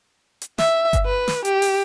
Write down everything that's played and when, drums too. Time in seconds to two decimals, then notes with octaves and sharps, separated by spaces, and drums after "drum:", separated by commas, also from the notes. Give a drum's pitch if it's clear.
0.42 drum: hi-hat
0.58 E5, drum: snare
0.93 drum: kick G1, hi-hat
1.05 B4
1.28 drum: snare
1.45 G4, drum: hi-hat
1.62 drum: open hi-hat